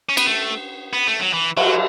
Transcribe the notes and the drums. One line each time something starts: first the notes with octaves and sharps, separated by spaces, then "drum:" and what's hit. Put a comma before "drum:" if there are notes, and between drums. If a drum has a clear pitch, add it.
C#4
B3, drum: cymbal
A3
B3
A3
F#3
E3
F#3, drum: cymbal